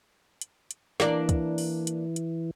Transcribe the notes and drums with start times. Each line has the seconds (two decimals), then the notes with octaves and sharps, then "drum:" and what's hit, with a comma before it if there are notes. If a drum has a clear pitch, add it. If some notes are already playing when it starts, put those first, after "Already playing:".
0.41 drum: hi-hat
0.71 drum: hi-hat
1.00 E3 A#3 D4, drum: snare
1.29 drum: kick, hi-hat
1.58 drum: open hi-hat
1.87 drum: hi-hat
2.16 drum: hi-hat